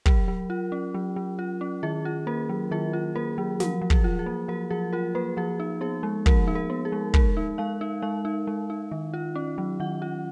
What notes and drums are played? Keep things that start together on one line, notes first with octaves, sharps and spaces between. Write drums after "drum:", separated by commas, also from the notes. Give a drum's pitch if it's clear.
F#3 A#4, drum: kick
F#3
F4
C#4
F#3
F#3
F4
C#4
D#3 G#4
F4
A#3 A#4
F#3
D#3 G#4
F4
A#3 A#4
F#3
F3 A#4, drum: snare
F3
G#4, drum: kick
F4
G#4
A#3
F3 A#4
F3 G#4
F4 A#4
A#3 B4
F3 G#4
D#4
B3 G#4
G#3
F3 A#4, drum: kick
D#4
A#4
B3
G#4
G#3
G#3 A#4, drum: kick
D#4
G#3 F5
D#4
G#3 F5
D#4
G#3
D#4
D#3
F4
C#4
F#3
D#3 F#5
F4